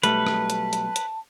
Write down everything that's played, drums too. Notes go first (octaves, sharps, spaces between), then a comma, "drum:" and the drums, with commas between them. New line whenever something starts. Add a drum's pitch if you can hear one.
B1 G3 A3 B4 A5, drum: hi-hat
drum: rim click
drum: hi-hat
drum: hi-hat
drum: hi-hat